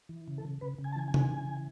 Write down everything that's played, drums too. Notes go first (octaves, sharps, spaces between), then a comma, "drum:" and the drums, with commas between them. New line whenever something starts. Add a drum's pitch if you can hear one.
E3
C#3
A4
C#3
C#3 B4
C#3
G#5
A5
E3 G#5
G#5
E3, drum: tom C3
C#3
E3